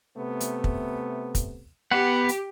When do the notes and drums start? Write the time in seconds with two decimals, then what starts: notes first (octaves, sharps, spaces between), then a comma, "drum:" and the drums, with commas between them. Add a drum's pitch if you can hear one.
0.17 C3 A3 B3
0.40 drum: hi-hat
0.64 drum: kick
1.35 drum: kick, hi-hat
1.91 B3 G4 F#5
2.29 drum: hi-hat